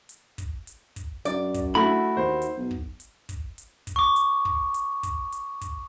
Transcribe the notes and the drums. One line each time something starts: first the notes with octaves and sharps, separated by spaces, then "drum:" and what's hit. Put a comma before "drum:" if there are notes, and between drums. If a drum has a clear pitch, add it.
drum: hi-hat
drum: kick, hi-hat
drum: hi-hat
drum: kick, hi-hat
F#2 D5, drum: hi-hat
drum: kick, hi-hat
A3 E4 F#4 B5
D#2 C5
drum: hi-hat
B1
drum: kick
drum: hi-hat
drum: kick, hi-hat
drum: hi-hat
drum: kick, hi-hat
C#6 D6
drum: hi-hat
drum: kick
drum: hi-hat
drum: kick, hi-hat
drum: hi-hat
drum: kick, hi-hat